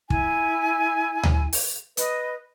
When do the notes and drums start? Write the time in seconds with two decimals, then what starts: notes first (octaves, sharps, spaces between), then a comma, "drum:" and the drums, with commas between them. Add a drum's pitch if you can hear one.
0.10 E4 G#5, drum: kick
1.23 drum: tom D2
1.53 drum: open hi-hat
1.97 B4 D#5, drum: hi-hat